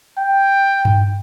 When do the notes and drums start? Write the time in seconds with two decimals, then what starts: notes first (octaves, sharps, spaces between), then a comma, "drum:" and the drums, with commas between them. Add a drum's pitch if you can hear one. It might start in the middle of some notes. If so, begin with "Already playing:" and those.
0.19 G5
0.85 drum: tom G2